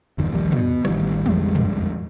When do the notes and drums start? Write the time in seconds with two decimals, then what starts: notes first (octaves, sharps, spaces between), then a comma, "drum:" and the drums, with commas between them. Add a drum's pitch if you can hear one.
0.18 G1 E2 D#3
0.32 A#1 D#2 G3
0.52 B2, drum: tom
0.85 A1 D#3 E3 G3, drum: rim click
1.26 A#1 F2 G3 G#3, drum: tom
1.55 drum: tom